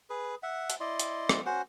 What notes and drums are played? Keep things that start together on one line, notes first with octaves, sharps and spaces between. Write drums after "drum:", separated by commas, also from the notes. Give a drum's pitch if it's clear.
G#4 B4
E5 F#5
drum: hi-hat
E4 D5 D#5 C6
drum: hi-hat
drum: rim click
C#4 F#4 C5 F#5